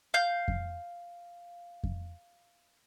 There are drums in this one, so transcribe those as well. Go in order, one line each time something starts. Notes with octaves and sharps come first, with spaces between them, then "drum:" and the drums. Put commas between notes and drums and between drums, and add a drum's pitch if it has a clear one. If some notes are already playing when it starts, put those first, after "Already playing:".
F5 G6
drum: kick F2
drum: kick F2